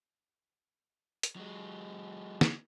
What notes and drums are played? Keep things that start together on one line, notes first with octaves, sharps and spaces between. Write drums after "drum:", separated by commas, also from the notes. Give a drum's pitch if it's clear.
drum: hi-hat
F#3 G#3
drum: snare